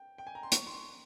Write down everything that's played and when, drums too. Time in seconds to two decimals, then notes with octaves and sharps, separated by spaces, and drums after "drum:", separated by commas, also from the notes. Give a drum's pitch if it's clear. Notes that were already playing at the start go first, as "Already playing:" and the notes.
Already playing: G5
0.18 G5
0.27 G#5
0.35 A#5
0.43 C6
0.52 C#6, drum: hi-hat
0.67 C6
0.74 C#6